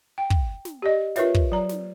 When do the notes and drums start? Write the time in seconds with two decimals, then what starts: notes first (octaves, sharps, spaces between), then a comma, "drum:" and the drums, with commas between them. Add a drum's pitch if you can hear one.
0.18 G5
0.30 drum: kick
0.65 drum: snare
0.82 G4 D5 D#5
1.16 F4 A#4 B4 C#5 E5, drum: snare
1.35 drum: kick
1.52 F#3 A#5
1.69 drum: snare